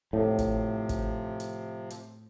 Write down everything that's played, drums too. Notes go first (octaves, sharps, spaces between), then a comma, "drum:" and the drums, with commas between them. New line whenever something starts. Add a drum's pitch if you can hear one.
A2 C3 F3
drum: kick, hi-hat
drum: kick, hi-hat
drum: hi-hat
drum: hi-hat